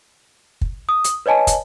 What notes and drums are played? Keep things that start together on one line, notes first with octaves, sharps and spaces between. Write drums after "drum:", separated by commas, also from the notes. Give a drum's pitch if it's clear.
drum: kick
D#6
drum: hi-hat
B4 C#5 D#5 G#5 A5
drum: kick, hi-hat